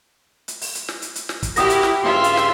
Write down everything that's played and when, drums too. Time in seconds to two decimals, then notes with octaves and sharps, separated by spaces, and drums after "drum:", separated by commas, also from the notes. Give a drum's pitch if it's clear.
0.48 drum: hi-hat
0.61 drum: open hi-hat
0.75 drum: hi-hat
0.88 drum: snare
1.02 drum: hi-hat
1.16 drum: hi-hat
1.29 drum: snare
1.43 drum: kick, hi-hat
1.56 E4 F#4 G4 A#4 G5 D#6 A#6, drum: hi-hat
1.70 drum: hi-hat
1.83 drum: snare
2.03 G2 C#3 F4 E5 C6
2.24 drum: hi-hat
2.37 drum: snare